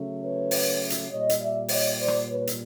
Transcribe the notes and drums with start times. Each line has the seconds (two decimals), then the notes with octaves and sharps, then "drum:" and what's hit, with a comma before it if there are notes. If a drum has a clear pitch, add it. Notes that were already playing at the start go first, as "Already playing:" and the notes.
Already playing: C#3 F#3 A3
0.21 B4 C#5
0.51 drum: open hi-hat
0.90 drum: hi-hat
1.10 A#2 G3 C#5 D#5
1.30 drum: hi-hat
1.39 D5 E5
1.69 C#5 D#5, drum: open hi-hat
1.98 C5 D5
2.08 drum: rim click
2.27 B4 C#5
2.47 drum: hi-hat